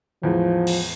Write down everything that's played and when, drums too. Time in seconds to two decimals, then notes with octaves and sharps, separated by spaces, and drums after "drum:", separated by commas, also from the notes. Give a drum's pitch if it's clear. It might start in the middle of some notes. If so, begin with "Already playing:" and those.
0.23 E2 A2 F3 G#3
0.67 drum: open hi-hat